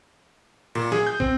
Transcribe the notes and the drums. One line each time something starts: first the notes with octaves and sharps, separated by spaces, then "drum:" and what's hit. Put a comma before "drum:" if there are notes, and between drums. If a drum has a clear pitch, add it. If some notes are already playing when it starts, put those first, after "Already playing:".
A#2, drum: cymbal
G#4, drum: snare
G6
C4, drum: kick